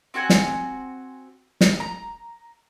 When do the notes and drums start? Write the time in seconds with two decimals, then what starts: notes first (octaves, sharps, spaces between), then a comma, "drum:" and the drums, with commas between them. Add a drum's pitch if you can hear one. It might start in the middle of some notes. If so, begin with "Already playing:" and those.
0.14 C4 F#4 F#5 G#5
0.30 drum: snare
1.61 drum: snare
1.80 A#5